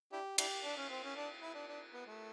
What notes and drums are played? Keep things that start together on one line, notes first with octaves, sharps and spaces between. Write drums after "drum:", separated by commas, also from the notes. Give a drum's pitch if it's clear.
D4 E4 G4
D4 E4 G4, drum: cymbal
D4
C#4
C4
C#4
D4
E4
D4
D4
B3
A3